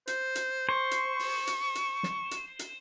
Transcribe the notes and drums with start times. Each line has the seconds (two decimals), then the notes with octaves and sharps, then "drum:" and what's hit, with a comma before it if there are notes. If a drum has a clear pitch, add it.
0.07 C5, drum: hi-hat
0.35 drum: hi-hat
0.69 C5 C#6
0.91 drum: hi-hat
1.19 drum: open hi-hat
1.47 drum: hi-hat
1.75 drum: hi-hat
2.03 drum: snare
2.31 drum: hi-hat
2.59 drum: hi-hat